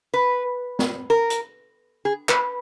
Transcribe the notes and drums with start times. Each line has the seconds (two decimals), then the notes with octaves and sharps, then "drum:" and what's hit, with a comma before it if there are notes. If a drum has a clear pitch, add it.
0.14 B4
0.79 drum: snare
1.10 A#4
1.30 drum: hi-hat
2.05 G#4
2.29 B4, drum: clap